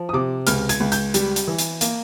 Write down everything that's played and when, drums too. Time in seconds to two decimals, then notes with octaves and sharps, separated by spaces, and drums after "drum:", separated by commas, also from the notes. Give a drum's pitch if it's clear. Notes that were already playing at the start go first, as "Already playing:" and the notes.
Already playing: F3
0.09 D#6
0.13 C3 D6
0.47 C#2 F6, drum: hi-hat
0.69 G#6, drum: hi-hat
0.80 C#2
0.92 G6, drum: hi-hat
1.14 G3, drum: hi-hat
1.36 drum: hi-hat
1.47 E3
1.58 drum: hi-hat
1.81 A#3, drum: hi-hat